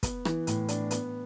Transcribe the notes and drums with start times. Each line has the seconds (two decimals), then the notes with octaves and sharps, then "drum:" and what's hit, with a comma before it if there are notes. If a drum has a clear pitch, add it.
0.03 B3, drum: kick, hi-hat
0.25 E3, drum: rim click
0.47 A2, drum: hi-hat
0.68 D4, drum: hi-hat
0.91 B3, drum: hi-hat